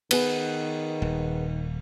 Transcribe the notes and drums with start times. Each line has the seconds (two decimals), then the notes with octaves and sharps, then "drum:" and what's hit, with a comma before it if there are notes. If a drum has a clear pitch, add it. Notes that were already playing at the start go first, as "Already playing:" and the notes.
0.11 D#3 B3 G#4, drum: cymbal
1.02 D#1